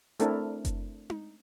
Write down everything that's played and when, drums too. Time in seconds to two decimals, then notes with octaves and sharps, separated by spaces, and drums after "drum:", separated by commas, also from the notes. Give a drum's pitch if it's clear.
0.20 A3 C4 D4 E4 A4 A#4, drum: hi-hat
0.65 drum: kick F#1, hi-hat
1.10 drum: tom D#4